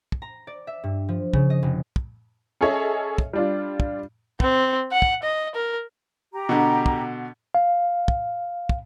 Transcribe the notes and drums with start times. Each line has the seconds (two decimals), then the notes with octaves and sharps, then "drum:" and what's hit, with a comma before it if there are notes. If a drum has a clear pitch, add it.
0.12 drum: kick
0.22 A#5
0.47 D5
0.67 E5
0.84 G2
1.09 F3
1.34 C#3, drum: kick
1.50 D#5
1.63 F1
1.96 drum: kick
2.61 C#4 G#4 A4 C#5 D#5 E5
3.18 drum: kick
3.33 G3 D4 F4
3.80 drum: kick
4.40 C4, drum: kick
4.92 F#5
5.02 drum: kick
5.23 D#5
5.55 A#4
6.33 G4 A#5
6.49 B2 D3
6.86 drum: kick
7.55 F5
8.08 drum: kick
8.69 drum: kick